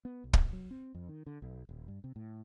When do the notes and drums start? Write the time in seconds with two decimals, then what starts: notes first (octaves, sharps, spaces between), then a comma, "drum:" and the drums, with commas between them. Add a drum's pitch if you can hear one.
0.05 B3
0.24 B1
0.33 drum: kick
0.53 F#3
0.71 C4
0.95 F2
1.09 D#3
1.26 D3
1.42 B1
1.69 D#1
1.88 G2
2.04 C3
2.16 A2